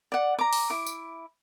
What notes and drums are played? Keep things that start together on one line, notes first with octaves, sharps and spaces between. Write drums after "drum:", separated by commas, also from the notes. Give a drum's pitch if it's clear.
D5 F#5
A#5 D6
drum: open hi-hat
E4 D6
drum: tambourine